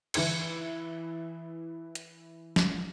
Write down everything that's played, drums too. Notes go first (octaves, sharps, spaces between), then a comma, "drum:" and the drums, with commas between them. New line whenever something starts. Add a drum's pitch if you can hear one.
E3 E4 G#6 C#7, drum: cymbal
drum: hi-hat
drum: snare